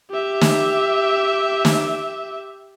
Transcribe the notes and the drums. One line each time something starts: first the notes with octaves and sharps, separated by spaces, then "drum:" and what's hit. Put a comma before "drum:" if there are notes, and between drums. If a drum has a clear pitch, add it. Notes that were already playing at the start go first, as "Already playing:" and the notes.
G4 E5
drum: snare
drum: snare